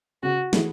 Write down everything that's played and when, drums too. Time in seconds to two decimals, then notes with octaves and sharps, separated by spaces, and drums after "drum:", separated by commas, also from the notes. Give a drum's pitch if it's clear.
0.23 C#3 F#4
0.53 E3 A3 E4 G#4, drum: snare